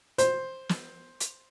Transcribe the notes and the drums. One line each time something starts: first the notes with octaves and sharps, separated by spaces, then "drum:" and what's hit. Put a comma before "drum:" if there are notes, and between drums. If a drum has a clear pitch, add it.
C5, drum: hi-hat
drum: snare
drum: hi-hat